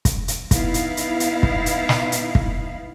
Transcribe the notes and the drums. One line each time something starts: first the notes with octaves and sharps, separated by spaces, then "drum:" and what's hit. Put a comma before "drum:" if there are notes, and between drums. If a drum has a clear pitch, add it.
drum: kick, hi-hat
drum: hi-hat
B3 D#4 E4 F5, drum: kick, hi-hat
drum: hi-hat
drum: hi-hat
drum: hi-hat
drum: kick
drum: hi-hat
drum: snare
drum: hi-hat
drum: kick